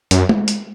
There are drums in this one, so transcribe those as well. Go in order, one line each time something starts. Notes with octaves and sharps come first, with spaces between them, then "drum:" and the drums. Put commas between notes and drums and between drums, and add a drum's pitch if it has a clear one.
F#2, drum: hi-hat
drum: tom G#3
drum: hi-hat